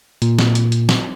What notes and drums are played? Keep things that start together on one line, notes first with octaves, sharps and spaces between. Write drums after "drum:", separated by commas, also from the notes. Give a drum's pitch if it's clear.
A#2, drum: hi-hat
drum: snare
drum: hi-hat
drum: hi-hat
drum: snare